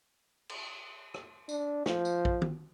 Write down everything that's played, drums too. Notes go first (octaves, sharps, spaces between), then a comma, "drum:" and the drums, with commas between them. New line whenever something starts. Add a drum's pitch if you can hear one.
drum: cymbal
drum: rim click
D4, drum: tambourine
F3, drum: snare
drum: tambourine
drum: kick A#1
drum: tom D#3